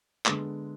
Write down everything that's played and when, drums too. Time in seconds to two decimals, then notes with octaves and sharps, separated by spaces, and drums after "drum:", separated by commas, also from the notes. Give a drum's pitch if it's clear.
0.26 D3 G#3 B3, drum: clap